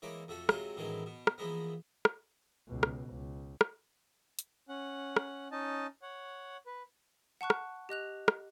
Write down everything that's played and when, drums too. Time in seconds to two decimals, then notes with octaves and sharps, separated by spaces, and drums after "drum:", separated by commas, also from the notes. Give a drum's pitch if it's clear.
0.02 E3 G#3 A#3 C#5 D6
0.28 F2 A3 F#4 A4
0.49 C3 F#3 G#3 F4 F#4 G#4, drum: rim click
0.76 A2 D#3 E3 F#3 G#3 C#4
1.06 B2
1.27 drum: rim click
1.38 E3 F3 G#3 A#3 B3
2.05 drum: rim click
2.67 C#2 B2
2.83 drum: rim click
3.09 C#2
3.61 drum: rim click
4.39 drum: hi-hat
4.69 C#4 F#5
5.16 drum: rim click
5.52 C#4 D#4 D#5 A5
6.02 C#5 F#5
6.66 B4
7.41 F#5 A5 C#6 F#6
7.50 drum: rim click
7.89 G4 D#5 F#6 F7
8.28 drum: rim click